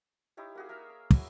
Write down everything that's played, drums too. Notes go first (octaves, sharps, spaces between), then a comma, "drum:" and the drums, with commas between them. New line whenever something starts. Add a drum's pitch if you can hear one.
D#4 E4 G4 C#5
A#3 F#4 G#4
A#4 E5 F5 A#5
A#5
F#3 E4 A#5 E6, drum: kick